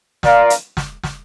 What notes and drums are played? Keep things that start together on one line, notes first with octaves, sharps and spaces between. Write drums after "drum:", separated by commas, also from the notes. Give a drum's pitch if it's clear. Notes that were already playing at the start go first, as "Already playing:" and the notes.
F4 A#4 D5 F5, drum: snare
drum: hi-hat
drum: snare
drum: snare